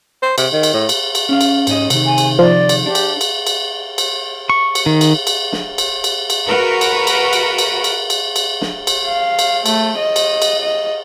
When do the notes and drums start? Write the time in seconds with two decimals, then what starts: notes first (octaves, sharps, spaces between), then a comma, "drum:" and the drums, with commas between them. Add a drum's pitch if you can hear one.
0.22 C5
0.38 C3, drum: cymbal
0.53 D#3
0.63 drum: cymbal
0.74 A2
0.89 drum: cymbal
1.15 drum: cymbal
1.29 C#4 F5
1.41 drum: cymbal
1.67 G#2 C#4 D#5, drum: cymbal
1.90 C3 D#3, drum: cymbal
2.06 G#5
2.18 drum: cymbal
2.39 F3 D5
2.69 drum: cymbal
2.86 D4 G4
2.95 drum: cymbal
3.21 drum: cymbal
3.47 drum: cymbal
3.98 drum: cymbal
4.50 C#6
4.75 drum: cymbal
4.86 D#3
5.01 drum: cymbal
5.27 drum: cymbal
5.52 drum: snare
5.78 drum: cymbal
6.04 drum: cymbal
6.30 drum: cymbal
6.47 F#4 A#4 B4
6.81 drum: cymbal
7.07 drum: cymbal
7.33 drum: cymbal
7.58 drum: cymbal
7.84 drum: cymbal
8.10 drum: cymbal
8.36 drum: cymbal
8.61 drum: snare
8.87 drum: cymbal
9.05 F5
9.39 drum: cymbal
9.66 A3, drum: cymbal
9.97 D#5
10.16 drum: cymbal
10.42 drum: cymbal
10.61 D#5